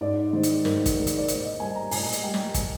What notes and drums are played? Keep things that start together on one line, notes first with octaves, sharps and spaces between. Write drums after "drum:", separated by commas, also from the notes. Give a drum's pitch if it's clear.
G#2 D5
D#3 G#3 C5
drum: hi-hat
G#2 A#4, drum: snare
drum: kick, hi-hat
D#3 G#3 A#4
drum: hi-hat
D5
A#2 C5, drum: hi-hat
D#5
G3 A#3 G#5
A#5
A#2 G#5, drum: open hi-hat
drum: hi-hat
G3 A#3 G5
drum: snare
G#5, drum: kick, hi-hat